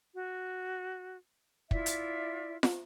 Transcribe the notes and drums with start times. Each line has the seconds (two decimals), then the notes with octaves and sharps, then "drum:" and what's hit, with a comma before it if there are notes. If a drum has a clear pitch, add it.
0.14 F#4
1.71 E4 F4 D5 E5, drum: kick
1.86 drum: hi-hat
2.63 drum: snare